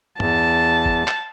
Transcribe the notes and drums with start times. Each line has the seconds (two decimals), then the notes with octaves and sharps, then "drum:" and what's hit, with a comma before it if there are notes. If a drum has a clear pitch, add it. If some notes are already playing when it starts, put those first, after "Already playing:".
0.20 E2 A5, drum: tom
0.86 drum: kick F#1
1.08 drum: clap